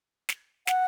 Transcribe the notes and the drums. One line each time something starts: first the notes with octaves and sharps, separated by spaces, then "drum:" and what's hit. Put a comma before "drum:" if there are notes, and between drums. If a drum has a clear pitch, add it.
drum: snare
F#5, drum: snare